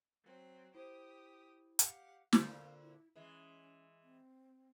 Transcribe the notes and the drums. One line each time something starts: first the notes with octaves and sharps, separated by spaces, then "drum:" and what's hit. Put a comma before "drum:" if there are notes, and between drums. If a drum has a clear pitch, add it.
F#3 C4
E4 G4 C5 D#6
G4 F5 F#5, drum: hi-hat
A#2 D3 C4 F5, drum: snare
E4
E3 G#3 C#4
C4